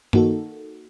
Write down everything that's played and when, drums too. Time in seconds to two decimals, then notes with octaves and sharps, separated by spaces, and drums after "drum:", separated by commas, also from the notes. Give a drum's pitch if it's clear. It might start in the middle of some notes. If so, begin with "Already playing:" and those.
0.13 A#3 D#4 F#4 A4, drum: tom G2